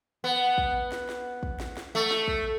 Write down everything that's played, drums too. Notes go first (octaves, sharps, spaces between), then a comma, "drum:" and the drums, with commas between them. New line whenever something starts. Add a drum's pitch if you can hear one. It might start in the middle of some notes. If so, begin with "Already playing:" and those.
B3
drum: kick
drum: snare
drum: snare
drum: kick
drum: snare
drum: snare
A3
drum: snare
drum: kick